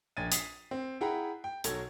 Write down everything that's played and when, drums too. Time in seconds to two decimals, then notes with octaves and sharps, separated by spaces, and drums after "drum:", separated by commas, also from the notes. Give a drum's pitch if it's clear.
0.17 A#1 G5 G#5 G#6 A6 D#7
0.32 D#6 B6 C7, drum: hi-hat
0.71 C4
1.01 E4 G#4 F#5 G5 A#5 B5
1.44 G5
1.64 B1 F#3 A4 G#6, drum: hi-hat